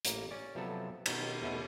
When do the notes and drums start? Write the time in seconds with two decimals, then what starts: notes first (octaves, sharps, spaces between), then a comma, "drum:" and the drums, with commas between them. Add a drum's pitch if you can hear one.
0.05 A1 A#3, drum: hi-hat
0.31 C#4 D5
0.55 C3 F3 F#3 B3 A4
1.06 B2 D#3, drum: cymbal
1.42 E2 B2 A3 E4